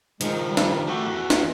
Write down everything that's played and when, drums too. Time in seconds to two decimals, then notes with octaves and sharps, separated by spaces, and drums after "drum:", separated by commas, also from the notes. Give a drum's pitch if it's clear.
0.21 D#3 F3 G#3, drum: hi-hat
0.46 G3
0.57 drum: snare
0.87 A3 F#4 G4
1.06 E2
1.30 drum: snare